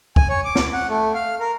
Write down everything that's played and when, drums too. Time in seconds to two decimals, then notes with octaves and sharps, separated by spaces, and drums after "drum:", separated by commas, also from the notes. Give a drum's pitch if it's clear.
0.16 G#5, drum: kick
0.30 C#5
0.45 D6
0.55 drum: snare
0.73 F#5
0.89 A3
1.14 F5
1.40 A#4